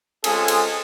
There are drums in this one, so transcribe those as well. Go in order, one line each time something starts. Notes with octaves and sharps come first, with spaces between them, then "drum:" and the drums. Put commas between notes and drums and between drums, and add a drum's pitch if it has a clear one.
G#3 C4 C#4 F4 G#4 A4, drum: cymbal
drum: cymbal